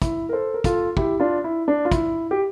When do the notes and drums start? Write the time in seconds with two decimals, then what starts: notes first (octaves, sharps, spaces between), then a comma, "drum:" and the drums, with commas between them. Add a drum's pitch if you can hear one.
0.02 E4, drum: kick, hi-hat
0.29 A#4
0.33 A4 C5
0.54 A#4
0.64 F4 A4, drum: kick, hi-hat
0.97 E4 G4, drum: kick
1.20 D4 F4
1.44 E4
1.68 D4
1.85 F4
1.92 E4, drum: kick, hi-hat
2.31 G4